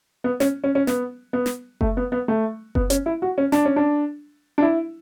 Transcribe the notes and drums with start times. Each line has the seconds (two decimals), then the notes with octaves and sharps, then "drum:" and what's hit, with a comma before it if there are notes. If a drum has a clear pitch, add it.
0.24 B3
0.40 C#4, drum: snare
0.64 C#4
0.75 C#4
0.87 B3, drum: snare
1.33 B3
1.46 drum: snare
1.81 A3, drum: kick F#1
1.97 B3
2.12 B3
2.28 A3
2.75 B3, drum: kick F#1
2.90 C#4, drum: hi-hat
3.06 E4
3.22 F#4
3.38 C#4
3.52 D4, drum: snare
3.65 C#4
3.76 D4
4.58 D4
4.62 E4